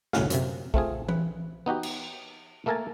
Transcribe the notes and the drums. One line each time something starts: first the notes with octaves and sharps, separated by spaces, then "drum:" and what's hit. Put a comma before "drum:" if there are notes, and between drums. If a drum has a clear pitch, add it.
G1 C2 A2 C#4 F#4 F5, drum: snare
F#2 C3, drum: hi-hat
A3 C4 F4 G#4, drum: kick A#1
B4, drum: tom E3
B3 D#4 F#4 G4
drum: cymbal
A3 A#3 A4 A#4 G#5 A5